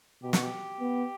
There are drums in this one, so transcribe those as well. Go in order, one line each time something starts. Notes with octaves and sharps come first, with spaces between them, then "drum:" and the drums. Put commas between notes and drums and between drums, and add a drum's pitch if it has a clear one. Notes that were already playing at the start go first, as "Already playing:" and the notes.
B2 G4
F#4, drum: snare
G4
B3